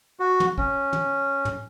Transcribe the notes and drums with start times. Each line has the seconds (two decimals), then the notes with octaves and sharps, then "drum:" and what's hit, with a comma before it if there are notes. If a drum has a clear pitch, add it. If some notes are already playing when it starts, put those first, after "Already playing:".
0.20 F#4
0.40 drum: tom
0.58 C#4, drum: kick
0.93 drum: tom
1.45 drum: tom